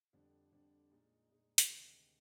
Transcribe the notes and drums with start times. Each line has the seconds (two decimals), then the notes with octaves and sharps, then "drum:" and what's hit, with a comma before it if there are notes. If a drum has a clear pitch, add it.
0.13 F2 D3 G3 D4
0.52 F2 D3 G3 D4
0.91 A#2 G#3 D#4
1.30 A#2 G#3 D#4
1.58 drum: hi-hat
1.69 D2 C3 D#3 G#3